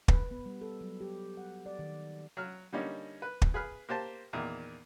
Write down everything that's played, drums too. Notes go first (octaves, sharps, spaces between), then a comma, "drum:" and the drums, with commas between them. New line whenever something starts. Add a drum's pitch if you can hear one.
B4, drum: kick
B3
G3
A4
F#3
G4
F#5
D5
D#3
F#3 F6
D3 G3 A#3 C#4 D#4
B4
drum: kick
G#4 B4 B5 F6
A#3 G4 C5 A5
E2 A#2 D#3